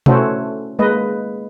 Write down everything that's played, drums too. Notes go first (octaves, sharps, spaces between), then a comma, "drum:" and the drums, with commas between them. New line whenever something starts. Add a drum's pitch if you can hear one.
A3 C#4 E4 F#4 A4 C5, drum: tom B2
G#3 A#3 B4 D#5